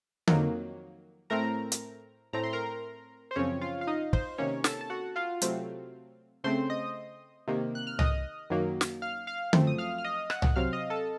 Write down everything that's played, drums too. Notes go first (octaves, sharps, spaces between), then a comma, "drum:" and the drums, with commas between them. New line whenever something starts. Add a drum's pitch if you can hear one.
F2 D#3 F#3 A#3, drum: tom D3
A2 A3 C4 A#4 A#5
drum: hi-hat
A2 A3 C4 A#5
C6
A#4 A#5
C5
F#2 C#3 F3 C4 C#4 C#5
F4 F5
F5
D#4 D#5
C5, drum: kick
C3 D#3 A#3 C#4 C#5
A4 A5, drum: snare
A5
F#4 F#5
F4 F5
C3 F#3 A3 C4, drum: hi-hat
C#3 A3 C4 C5 C6
D#5 D#6
C3 D#3 A#3
F#6
F6
D#5 D#6, drum: tom C2
F#2 D#3 F#3 A#3
drum: snare
F5 F6
F5 F6
F#2 F3 A3 C4, drum: tom D3
D#6
F5 F6
F6
D#5 D#6
F#5 F#6, drum: rim click
drum: tom C2
C3 F#3 C4 F5 F6
D#5 D#6
A4 A5